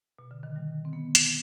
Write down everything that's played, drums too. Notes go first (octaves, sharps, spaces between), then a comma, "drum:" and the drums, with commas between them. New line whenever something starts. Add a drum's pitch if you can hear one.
B2
D3
D#3
G3
C4
B3
drum: hi-hat